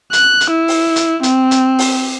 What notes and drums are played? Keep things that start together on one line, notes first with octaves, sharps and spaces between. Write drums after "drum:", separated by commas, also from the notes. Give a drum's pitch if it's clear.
F#6, drum: hi-hat
drum: hi-hat
E4
drum: open hi-hat
drum: hi-hat
C4, drum: hi-hat
drum: hi-hat
drum: open hi-hat